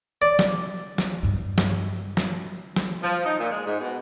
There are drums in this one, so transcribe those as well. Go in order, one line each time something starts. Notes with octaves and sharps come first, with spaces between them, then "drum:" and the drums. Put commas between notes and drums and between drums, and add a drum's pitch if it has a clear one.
D5
drum: snare
drum: snare
G2 G3
drum: snare
drum: snare
drum: snare
F3
D#4
A#2
G#3
G#2
B2